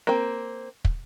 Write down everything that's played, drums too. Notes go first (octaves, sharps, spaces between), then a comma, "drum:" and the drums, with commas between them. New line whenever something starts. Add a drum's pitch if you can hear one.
A#3 C4
drum: kick